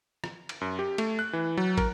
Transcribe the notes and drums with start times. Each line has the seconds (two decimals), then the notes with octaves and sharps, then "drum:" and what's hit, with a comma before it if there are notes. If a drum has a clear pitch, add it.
0.24 drum: rim click
0.49 drum: cymbal
0.61 F#2
0.79 G4
0.98 A3, drum: cymbal
1.19 F#6
1.33 E3
1.57 F#3
1.77 A#4, drum: kick, cymbal